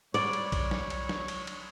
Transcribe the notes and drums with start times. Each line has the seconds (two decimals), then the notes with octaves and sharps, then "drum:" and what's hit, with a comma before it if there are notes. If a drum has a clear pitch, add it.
0.14 G3 C#5 D5, drum: cymbal
0.33 drum: cymbal
0.52 drum: kick B1, cymbal
0.71 drum: snare
0.90 drum: cymbal
1.09 drum: snare
1.28 drum: cymbal
1.47 drum: cymbal